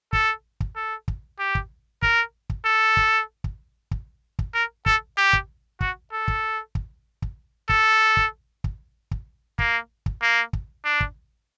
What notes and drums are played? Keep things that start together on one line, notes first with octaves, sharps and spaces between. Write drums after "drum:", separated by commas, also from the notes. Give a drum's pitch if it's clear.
A4, drum: kick
drum: kick
A4
drum: kick
G4
drum: kick
A#4, drum: kick
drum: kick
A4
drum: kick
drum: kick
drum: kick
drum: kick
A#4
A4, drum: kick
G4
drum: kick
F#4, drum: kick
A4
drum: kick
drum: kick
drum: kick
A4, drum: kick
drum: kick
drum: kick
drum: kick
A#3, drum: kick
drum: kick
A#3
drum: kick
D4
drum: kick